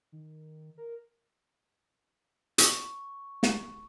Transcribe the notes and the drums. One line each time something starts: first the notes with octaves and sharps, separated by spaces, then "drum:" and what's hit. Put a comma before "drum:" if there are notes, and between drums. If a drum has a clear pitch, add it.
D#3
A#4
C#6, drum: hi-hat
drum: snare